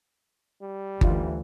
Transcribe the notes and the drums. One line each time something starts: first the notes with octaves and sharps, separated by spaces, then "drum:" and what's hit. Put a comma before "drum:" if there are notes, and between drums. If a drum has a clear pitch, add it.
G3
D2 E3 D#4 F4, drum: kick G1